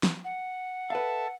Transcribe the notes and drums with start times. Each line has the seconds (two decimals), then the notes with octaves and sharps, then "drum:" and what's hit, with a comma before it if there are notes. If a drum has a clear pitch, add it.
0.03 drum: snare
0.25 F#5
0.90 A4 B4 E5 F5 A5